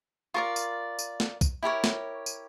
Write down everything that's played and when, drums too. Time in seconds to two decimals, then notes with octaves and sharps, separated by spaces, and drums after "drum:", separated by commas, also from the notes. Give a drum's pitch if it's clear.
0.34 F4 A#4 D5 C#6
0.56 drum: tambourine
0.99 drum: tambourine
1.20 drum: snare
1.41 drum: kick, tambourine
1.63 E4 G4 A#4 C#5
1.84 drum: snare
2.26 drum: tambourine